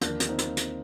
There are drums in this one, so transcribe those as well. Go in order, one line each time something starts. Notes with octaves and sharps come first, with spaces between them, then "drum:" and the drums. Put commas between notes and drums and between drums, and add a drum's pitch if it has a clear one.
D#2 D3 F3 A#3 D4, drum: hi-hat
drum: hi-hat
C4 D#4
drum: hi-hat
drum: hi-hat